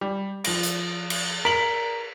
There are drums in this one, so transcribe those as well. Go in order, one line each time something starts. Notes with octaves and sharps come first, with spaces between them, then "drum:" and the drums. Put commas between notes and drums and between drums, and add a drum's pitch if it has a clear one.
G3
F3 A#6, drum: cymbal
drum: hi-hat
drum: cymbal
A#4 B6 F#7